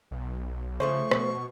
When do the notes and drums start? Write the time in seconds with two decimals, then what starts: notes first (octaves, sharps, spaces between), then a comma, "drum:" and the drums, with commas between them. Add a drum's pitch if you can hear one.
0.11 B1
0.80 C#3 F3 A3 C#4 C5 C#6
1.11 B2, drum: rim click